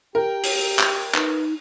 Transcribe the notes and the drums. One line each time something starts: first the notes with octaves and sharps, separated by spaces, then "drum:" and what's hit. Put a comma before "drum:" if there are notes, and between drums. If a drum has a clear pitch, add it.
G4 A#4 G5
drum: open hi-hat
drum: clap
D#4 B4, drum: clap